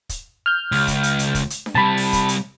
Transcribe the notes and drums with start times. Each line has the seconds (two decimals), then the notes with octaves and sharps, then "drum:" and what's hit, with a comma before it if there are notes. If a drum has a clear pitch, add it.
0.09 drum: kick, hi-hat
0.46 F6 G6
0.72 C#2, drum: open hi-hat
0.88 drum: kick, hi-hat
1.03 drum: hi-hat
1.19 drum: hi-hat
1.35 drum: kick, hi-hat
1.50 drum: hi-hat
1.66 drum: snare D4
1.75 C3 G3 A5 B5
1.97 drum: open hi-hat
2.13 drum: kick, hi-hat
2.29 drum: hi-hat